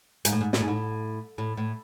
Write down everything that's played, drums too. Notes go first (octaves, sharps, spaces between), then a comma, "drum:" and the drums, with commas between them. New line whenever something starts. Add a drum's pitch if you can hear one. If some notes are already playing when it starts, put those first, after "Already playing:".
G#2, drum: hi-hat
A2
G#2
A2, drum: snare
G#2
A2
A2
A2